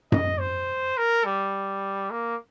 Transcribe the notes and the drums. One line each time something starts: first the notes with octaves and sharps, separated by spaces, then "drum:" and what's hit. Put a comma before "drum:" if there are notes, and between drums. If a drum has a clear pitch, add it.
D#5, drum: tom F#2
C5
A#4
G3
A#3